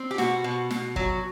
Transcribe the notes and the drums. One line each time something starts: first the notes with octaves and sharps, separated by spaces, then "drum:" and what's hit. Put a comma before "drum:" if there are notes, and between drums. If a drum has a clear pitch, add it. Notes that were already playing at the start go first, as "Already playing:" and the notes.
Already playing: C4
G4
B2 F#4, drum: snare
B2
B2, drum: snare
F#3, drum: kick